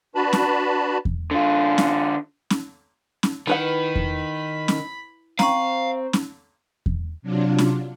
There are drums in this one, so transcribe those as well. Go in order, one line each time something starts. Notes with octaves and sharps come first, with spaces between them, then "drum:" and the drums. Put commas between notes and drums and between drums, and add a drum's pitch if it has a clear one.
D4 F#4 B4 A5 B5
drum: snare C#4
drum: kick E2
D3 F4
drum: snare C#4
drum: snare C#4
drum: snare C#4
D#3 E4 B4 F#5 B5
drum: kick E2
drum: snare C#4
C4 F5 A#5 C#6, drum: snare C#4
drum: snare C#4
drum: kick E2
C3 F#3 D4 F4
drum: snare C#4